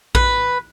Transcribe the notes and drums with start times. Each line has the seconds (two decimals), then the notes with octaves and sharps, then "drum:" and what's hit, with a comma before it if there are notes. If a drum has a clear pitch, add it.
0.15 B4, drum: kick A#1